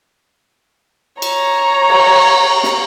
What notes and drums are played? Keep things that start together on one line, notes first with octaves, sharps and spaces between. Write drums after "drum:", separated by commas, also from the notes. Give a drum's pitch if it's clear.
C#5 A#5, drum: cymbal
drum: cymbal
drum: snare